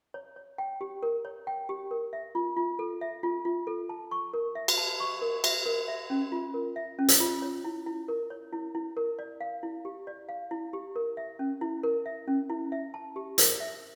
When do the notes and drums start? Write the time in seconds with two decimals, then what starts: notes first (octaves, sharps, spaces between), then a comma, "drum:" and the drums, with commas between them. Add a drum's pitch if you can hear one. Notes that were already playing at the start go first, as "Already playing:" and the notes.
0.14 C#5
0.36 C#5
0.58 G5
0.81 G4
1.03 A#4
1.25 C#5
1.47 G5
1.69 G4
1.91 A#4
2.13 E5
2.35 F4
2.57 F4
2.79 A4
3.01 E5
3.23 F4
3.45 F4
3.67 A4
3.89 A5
4.11 C#6
4.34 A#4
4.55 E5
4.68 drum: cymbal
4.78 A5
5.00 C#6
5.22 A#4
5.44 E5, drum: cymbal
5.66 A#4
5.88 E5
6.10 C#4
6.32 F4
6.54 A#4
6.76 E5
6.99 C#4
7.08 drum: hi-hat
7.20 F4
7.42 C#5
7.65 E4
7.86 E4
8.08 A#4
8.30 C#5
8.53 E4
8.75 E4
8.97 A#4
9.19 D5
9.41 F5
9.63 E4
9.85 G4
10.07 D5
10.29 F5
10.51 E4
10.73 G4
10.96 A#4
11.17 E5
11.39 C#4
11.61 E4
11.83 A#4
12.06 E5
12.28 C#4
12.50 E4
12.72 E5
12.94 A5
13.16 G4
13.38 A#4, drum: hi-hat
13.60 E5